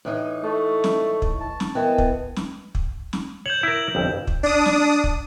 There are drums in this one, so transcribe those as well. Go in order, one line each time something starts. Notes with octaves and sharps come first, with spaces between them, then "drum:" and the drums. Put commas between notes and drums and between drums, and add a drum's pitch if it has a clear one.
A2 E3 D#4
A3 C#6
drum: snare
drum: kick
A5
drum: snare
E3 B3 A#4 D#5 G5
drum: kick
drum: snare
drum: kick
drum: snare
C#5 G6 E7 F#7
E4 A#4
G1 F2
drum: kick
D4 D#6
drum: snare
drum: kick